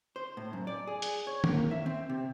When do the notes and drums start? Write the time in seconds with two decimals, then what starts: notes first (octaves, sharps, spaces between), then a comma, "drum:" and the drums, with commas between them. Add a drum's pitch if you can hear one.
0.16 C5
0.37 A2
0.53 F#2
0.67 D5
0.87 G#4
1.02 drum: hi-hat
1.27 C#5
1.44 A#3, drum: tom
1.71 E5
1.86 C4
2.10 C3